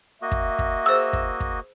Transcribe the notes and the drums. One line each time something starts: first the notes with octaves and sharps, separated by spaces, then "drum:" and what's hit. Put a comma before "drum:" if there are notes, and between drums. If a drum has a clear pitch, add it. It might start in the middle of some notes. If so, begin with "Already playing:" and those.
A#3 F#4 D#5 E5
drum: kick
drum: kick
G#4 C5 E6
drum: kick
drum: kick